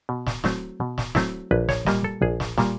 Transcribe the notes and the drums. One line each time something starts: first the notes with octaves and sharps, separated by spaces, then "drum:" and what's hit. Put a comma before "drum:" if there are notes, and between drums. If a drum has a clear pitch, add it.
B2
drum: snare
F#3 A3 C4 E4, drum: snare
B2
drum: snare
F#3 A3 C4 E4, drum: snare
A#1 B4
C#5, drum: snare
A#2 G3 A#3 D#5, drum: snare
A4
A#1 G#4
drum: snare
A#2 G3 A#3, drum: snare